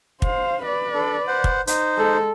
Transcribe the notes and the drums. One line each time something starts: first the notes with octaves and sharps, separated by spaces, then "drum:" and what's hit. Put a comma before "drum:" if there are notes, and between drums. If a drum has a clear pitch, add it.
C5 F5, drum: kick
B4 D5
D4 A4
C5 F#5
drum: kick
D#4 C5, drum: hi-hat
G#3 A4